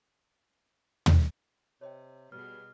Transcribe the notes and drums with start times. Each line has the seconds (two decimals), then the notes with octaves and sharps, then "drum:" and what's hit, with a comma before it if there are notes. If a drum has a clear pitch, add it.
1.06 drum: tom
1.81 C3 C#5 D#5 G5
2.32 B2 G3 G#4 B4 F6